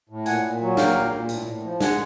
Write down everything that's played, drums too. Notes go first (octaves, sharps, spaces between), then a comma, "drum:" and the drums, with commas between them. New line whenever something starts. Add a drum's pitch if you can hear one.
A2
A#2 F#5 G#5, drum: hi-hat
A#2
F#3
A#3 F5 G5, drum: snare
A#2
A#2
A2, drum: hi-hat
A2
F3
G#3 F#5 G#5, drum: snare